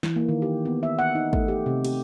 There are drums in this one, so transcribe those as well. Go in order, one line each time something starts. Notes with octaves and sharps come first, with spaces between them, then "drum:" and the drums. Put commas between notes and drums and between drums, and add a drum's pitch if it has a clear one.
E3, drum: snare
A#3
D#3
G4
B3
E5
F#5
D#4
A3, drum: kick G#1
G4
C3
G4, drum: cymbal